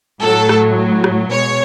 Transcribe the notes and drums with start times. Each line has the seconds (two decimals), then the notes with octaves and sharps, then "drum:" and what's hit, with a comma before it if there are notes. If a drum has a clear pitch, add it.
0.22 A2 F#3 A4
0.49 drum: rim click
1.04 drum: rim click
1.32 B2 G#3 C#5